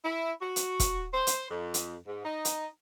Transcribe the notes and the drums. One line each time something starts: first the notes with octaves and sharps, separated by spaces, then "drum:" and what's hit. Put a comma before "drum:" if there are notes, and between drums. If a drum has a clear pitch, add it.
E4
F#4
drum: hi-hat
drum: kick E1, hi-hat
C5
drum: hi-hat
F2
drum: hi-hat
G#2
D#4
drum: hi-hat